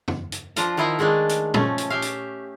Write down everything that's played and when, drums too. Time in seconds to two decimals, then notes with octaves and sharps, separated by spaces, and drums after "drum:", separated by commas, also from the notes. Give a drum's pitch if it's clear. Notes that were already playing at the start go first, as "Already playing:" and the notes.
0.08 drum: tom F2
0.32 drum: hi-hat
0.56 F3 D4 F4 A#5, drum: hi-hat
0.77 D#3 F3 E4 E5 F5 A#5
0.99 D#3 G#3 A3 D4
1.29 drum: hi-hat
1.54 F3 A3 C#4, drum: tom A#2
1.78 drum: hi-hat
1.90 G4 E5 F5
2.02 drum: hi-hat